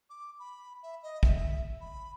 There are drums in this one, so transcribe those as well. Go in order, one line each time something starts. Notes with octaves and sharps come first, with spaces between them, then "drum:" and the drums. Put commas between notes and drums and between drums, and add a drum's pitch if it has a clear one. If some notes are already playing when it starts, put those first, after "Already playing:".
D6
B5
E5
D#5
E5, drum: kick
B5